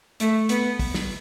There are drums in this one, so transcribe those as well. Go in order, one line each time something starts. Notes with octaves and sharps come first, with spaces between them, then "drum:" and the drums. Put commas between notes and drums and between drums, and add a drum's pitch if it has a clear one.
A3, drum: hi-hat
B3, drum: hi-hat
drum: kick, open hi-hat
drum: snare